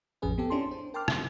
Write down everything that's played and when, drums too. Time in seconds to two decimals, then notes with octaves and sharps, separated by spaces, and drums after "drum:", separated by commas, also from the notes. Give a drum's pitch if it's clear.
0.22 A1 F2 F3 C#4 G#4 B4
0.38 B3 C4 G4 A4
0.50 C#4 D4 E4 A5 C6
0.71 C5
0.94 A#4 G5 A5 C6 D6 F6
1.08 F4 E5, drum: rim click